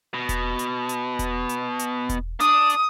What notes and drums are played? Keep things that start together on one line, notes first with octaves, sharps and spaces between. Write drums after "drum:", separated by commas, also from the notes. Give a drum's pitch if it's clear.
B2
drum: kick E1, hi-hat
drum: hi-hat
drum: hi-hat
drum: kick E1, hi-hat
drum: hi-hat
drum: hi-hat
drum: kick E1, hi-hat
D4 D#6, drum: hi-hat
drum: hi-hat